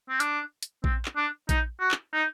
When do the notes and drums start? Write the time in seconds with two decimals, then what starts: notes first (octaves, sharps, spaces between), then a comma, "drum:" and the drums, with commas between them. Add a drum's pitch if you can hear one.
0.09 C4
0.20 D4, drum: hi-hat
0.63 drum: hi-hat
0.84 C4, drum: kick A#1
1.05 drum: clap
1.17 D4
1.49 D#4, drum: kick A#1, hi-hat
1.80 F#4
1.91 drum: clap
2.13 D#4